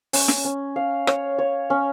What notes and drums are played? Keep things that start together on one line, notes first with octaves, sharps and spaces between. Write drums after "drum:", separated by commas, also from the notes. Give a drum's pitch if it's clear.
C#4, drum: open hi-hat
drum: snare
C#4
F5
C#5, drum: rim click
C#5
C#4